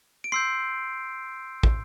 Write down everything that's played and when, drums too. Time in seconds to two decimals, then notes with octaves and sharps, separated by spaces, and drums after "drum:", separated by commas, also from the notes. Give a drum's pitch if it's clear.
0.24 D7
0.32 C6 E6 G6 C7
1.63 drum: kick